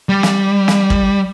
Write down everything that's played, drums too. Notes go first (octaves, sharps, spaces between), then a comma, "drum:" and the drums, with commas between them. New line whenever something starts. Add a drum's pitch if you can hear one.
G3
drum: snare
drum: snare
drum: kick